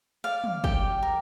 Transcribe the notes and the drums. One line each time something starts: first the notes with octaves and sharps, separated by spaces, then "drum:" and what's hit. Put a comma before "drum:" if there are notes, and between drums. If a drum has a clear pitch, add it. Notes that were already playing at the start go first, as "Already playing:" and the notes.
D5 F5
drum: tom
G4 G5, drum: kick
A#4